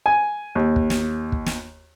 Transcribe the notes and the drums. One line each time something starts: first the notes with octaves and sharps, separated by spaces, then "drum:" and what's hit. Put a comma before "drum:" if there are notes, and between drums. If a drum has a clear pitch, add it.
G#5
D#2
drum: kick
drum: snare
drum: kick
drum: snare